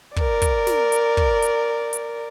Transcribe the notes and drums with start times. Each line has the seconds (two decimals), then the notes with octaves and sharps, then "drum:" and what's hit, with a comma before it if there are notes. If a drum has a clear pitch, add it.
0.16 A#4 D5, drum: kick
0.42 drum: kick, hi-hat
0.67 drum: snare
0.92 drum: hi-hat
1.17 drum: kick
1.42 drum: hi-hat
1.93 drum: hi-hat